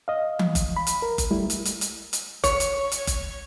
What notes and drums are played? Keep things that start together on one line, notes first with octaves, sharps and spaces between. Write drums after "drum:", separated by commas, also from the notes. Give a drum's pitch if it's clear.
D#5 F5
drum: tom E3
drum: kick F#1, hi-hat
B5
drum: hi-hat
A#4
drum: kick F#1, hi-hat
G3 A3 E4
drum: hi-hat
drum: hi-hat
drum: hi-hat
drum: hi-hat
C#5, drum: kick F#1, hi-hat
drum: hi-hat
drum: hi-hat
drum: kick F#1, hi-hat